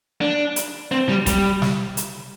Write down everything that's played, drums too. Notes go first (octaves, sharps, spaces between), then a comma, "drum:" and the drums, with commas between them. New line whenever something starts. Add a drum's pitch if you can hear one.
D4
drum: hi-hat
C4
G3
G3, drum: kick, hi-hat
drum: snare
drum: hi-hat